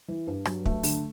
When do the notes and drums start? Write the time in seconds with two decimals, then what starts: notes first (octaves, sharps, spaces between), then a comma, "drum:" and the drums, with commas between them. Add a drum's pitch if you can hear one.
0.08 E3
0.27 G2
0.45 F#3, drum: rim click
0.66 A3, drum: kick
0.83 D3, drum: open hi-hat